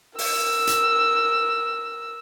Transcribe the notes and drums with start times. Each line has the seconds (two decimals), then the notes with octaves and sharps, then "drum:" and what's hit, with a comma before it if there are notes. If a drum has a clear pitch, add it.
0.19 A#4 E6, drum: open hi-hat
0.67 drum: hi-hat